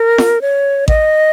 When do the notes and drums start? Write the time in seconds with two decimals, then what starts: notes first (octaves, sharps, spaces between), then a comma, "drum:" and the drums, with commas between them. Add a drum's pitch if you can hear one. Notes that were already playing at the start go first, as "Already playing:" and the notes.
Already playing: A#4
0.18 drum: snare F4
0.41 C#5
0.88 D#5, drum: kick A1